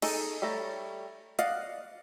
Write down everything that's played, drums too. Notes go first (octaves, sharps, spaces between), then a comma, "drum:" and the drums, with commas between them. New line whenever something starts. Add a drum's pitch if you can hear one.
D#4 G#4 A4 D#5, drum: cymbal
G3 A3 A4 C#5 A#5
D5 D#5 F5 F#5, drum: hi-hat